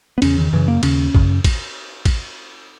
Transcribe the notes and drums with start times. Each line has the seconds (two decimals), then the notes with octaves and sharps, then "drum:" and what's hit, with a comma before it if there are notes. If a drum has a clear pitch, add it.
0.18 B3
0.22 E2 C#3 C#4, drum: cymbal
0.38 D#3
0.53 F#2 C#3 E3
0.68 A#3
0.83 D#2 C#3 C#4, drum: cymbal
1.15 F#2 C#3, drum: kick
1.44 drum: kick, cymbal
2.05 drum: kick, cymbal